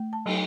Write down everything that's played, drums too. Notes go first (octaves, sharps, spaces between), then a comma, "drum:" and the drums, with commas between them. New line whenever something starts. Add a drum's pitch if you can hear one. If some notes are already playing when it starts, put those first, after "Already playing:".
Already playing: A3
A5
F#3, drum: cymbal